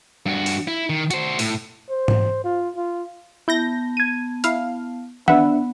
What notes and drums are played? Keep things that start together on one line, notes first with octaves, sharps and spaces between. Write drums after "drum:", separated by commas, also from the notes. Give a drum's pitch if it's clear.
G2 F#4
drum: open hi-hat
E4
D#3
F#4 C5, drum: hi-hat
A2, drum: open hi-hat
C5
drum: tom G#2
F4
F4
B3 E4 A5 G6 A#6
G#6 D#7
E4 F5, drum: hi-hat
B3 D4 B4 E5 F#5, drum: tom